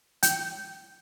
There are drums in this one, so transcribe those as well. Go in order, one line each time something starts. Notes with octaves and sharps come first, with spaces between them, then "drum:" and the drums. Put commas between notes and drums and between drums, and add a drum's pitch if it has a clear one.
G5, drum: hi-hat